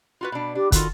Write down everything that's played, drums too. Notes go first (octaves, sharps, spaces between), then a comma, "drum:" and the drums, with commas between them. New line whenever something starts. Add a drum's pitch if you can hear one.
F4 F#4 B4
B2 D4
D4 G4
D#3 F4 F#4 A4, drum: kick, hi-hat